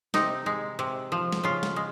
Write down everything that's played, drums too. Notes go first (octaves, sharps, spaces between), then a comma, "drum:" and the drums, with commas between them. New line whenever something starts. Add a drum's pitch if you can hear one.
C3 D#4, drum: snare
G#3
C3
F3
drum: snare
C#3 F4
drum: snare
G#3